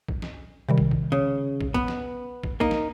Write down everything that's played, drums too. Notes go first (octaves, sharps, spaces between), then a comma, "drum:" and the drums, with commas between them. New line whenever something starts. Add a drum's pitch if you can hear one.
drum: kick
drum: snare
C3 D#3 G3
drum: kick
drum: kick
C#3
drum: kick
B3, drum: kick
drum: snare
drum: kick
A#3 D#4, drum: kick
drum: snare